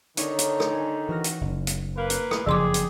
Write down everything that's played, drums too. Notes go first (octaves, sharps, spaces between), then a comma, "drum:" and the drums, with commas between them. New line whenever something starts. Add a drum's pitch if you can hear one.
D3 D#3 D#4 C#5, drum: hi-hat
drum: hi-hat
drum: rim click
G#5
E3 F#4 F6 A#6
drum: hi-hat
F#1
drum: hi-hat
A#3 B4
drum: hi-hat
drum: rim click
F#1 F2 C#3 F3 G4 G#4 C6 D6
drum: hi-hat